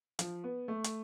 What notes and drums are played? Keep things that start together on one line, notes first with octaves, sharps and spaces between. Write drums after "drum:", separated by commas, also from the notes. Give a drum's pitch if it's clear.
F3, drum: hi-hat
B3
A3
drum: hi-hat